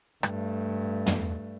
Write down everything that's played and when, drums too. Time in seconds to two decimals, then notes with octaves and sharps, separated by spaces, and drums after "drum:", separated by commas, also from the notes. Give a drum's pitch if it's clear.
0.23 G2 A3, drum: rim click
1.06 drum: tom